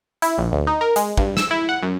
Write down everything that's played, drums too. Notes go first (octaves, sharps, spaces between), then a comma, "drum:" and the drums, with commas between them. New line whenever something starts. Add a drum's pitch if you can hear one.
E4, drum: hi-hat
A#1
D2
D#4
A#4
G#3, drum: hi-hat
G2, drum: kick
E6, drum: snare
E4
F#5
F#2